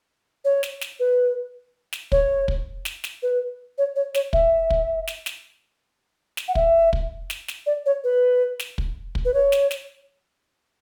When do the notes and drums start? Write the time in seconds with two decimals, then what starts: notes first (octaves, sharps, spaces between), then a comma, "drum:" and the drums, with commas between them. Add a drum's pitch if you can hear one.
0.45 C#5
0.63 drum: snare
0.81 drum: snare
1.00 B4
1.93 drum: snare
2.12 C#5, drum: kick
2.48 drum: kick
2.85 drum: snare
3.04 drum: snare
3.22 B4
3.78 C#5
3.96 C#5
4.14 C#5, drum: snare
4.33 E5, drum: kick
4.70 drum: kick
5.07 drum: snare
5.26 drum: snare
6.37 drum: snare
6.48 F#5
6.55 E5, drum: kick
6.93 drum: kick
7.30 drum: snare
7.48 drum: snare
7.66 D5
7.86 C#5
8.04 B4
8.59 drum: snare
8.78 drum: kick
9.15 drum: kick
9.25 B4
9.34 C#5
9.52 drum: snare
9.71 drum: snare